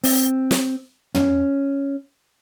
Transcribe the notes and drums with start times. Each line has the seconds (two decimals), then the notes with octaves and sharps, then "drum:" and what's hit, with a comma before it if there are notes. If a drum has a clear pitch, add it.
0.04 C4, drum: open hi-hat
0.51 drum: snare
1.15 C#4, drum: tom